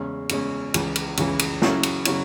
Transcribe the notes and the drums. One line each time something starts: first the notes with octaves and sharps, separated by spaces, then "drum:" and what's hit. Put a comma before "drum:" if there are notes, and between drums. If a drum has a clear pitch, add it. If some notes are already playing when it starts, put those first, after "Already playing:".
Already playing: E2 C#3 G#3 C#4
E2 C#3 G#3 C#4, drum: cymbal
C#2 C#3 E3, drum: cymbal
drum: cymbal
C#2 C#3 E3, drum: cymbal
drum: cymbal
C#3 F#3 C#4 E4, drum: snare
drum: cymbal
C#3 F#3 C#4 E4, drum: cymbal